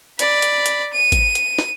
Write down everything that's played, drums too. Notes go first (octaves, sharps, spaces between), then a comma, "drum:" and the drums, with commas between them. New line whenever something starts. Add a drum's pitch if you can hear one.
D5 B5, drum: hi-hat
drum: hi-hat
drum: hi-hat
D#7
drum: kick A1, hi-hat
drum: hi-hat
drum: snare